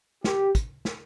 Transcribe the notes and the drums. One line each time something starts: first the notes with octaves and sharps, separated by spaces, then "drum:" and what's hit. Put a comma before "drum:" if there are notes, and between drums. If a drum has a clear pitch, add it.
G4, drum: snare
drum: kick, hi-hat
drum: snare